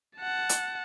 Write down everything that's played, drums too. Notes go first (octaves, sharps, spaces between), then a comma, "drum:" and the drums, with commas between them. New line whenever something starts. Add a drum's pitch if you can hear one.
F#5 A5
drum: hi-hat